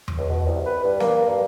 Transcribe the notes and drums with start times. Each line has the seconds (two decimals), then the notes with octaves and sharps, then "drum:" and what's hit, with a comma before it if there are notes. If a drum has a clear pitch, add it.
0.08 drum: tom E2
0.17 C#2
0.29 B2
0.47 C2
0.66 B4
0.84 G2
1.00 A#3, drum: snare
1.28 G2